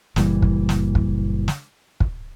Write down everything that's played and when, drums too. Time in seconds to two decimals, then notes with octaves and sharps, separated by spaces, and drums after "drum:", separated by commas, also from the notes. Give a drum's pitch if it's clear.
0.16 F#1 A#2 E3 G3, drum: snare
0.42 drum: kick
0.69 drum: snare
0.95 drum: kick
1.48 drum: snare
2.00 drum: kick